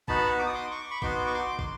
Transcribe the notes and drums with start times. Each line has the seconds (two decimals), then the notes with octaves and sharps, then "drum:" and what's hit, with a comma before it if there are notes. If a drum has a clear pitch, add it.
0.08 B3 D#4 F#4 A5 B5, drum: kick
0.39 D6
0.47 D#6
0.54 C6 D6
0.71 C#6
0.81 D6
0.90 B5 C#6
1.02 B3 D#4 F#4 C6 D6, drum: kick
1.27 C#6
1.35 C6 D6
1.59 C6, drum: kick